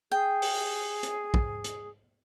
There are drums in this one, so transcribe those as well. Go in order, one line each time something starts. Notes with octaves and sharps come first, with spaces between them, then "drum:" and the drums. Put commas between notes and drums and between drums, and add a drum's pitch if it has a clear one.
G#4 G5
drum: open hi-hat
drum: hi-hat
drum: kick
drum: hi-hat